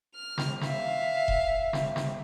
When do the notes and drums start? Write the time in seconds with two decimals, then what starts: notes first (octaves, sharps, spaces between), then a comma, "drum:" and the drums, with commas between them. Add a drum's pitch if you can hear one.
0.15 F6
0.38 drum: snare
0.61 E5 F5, drum: snare
1.28 drum: kick E1
1.73 drum: snare
1.96 drum: snare